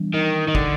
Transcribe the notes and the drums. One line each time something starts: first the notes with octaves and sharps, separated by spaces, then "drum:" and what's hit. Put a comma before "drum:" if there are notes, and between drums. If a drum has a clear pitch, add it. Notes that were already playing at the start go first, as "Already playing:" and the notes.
Already playing: E3 G3 B3 D4
D#3
D#3
D3, drum: kick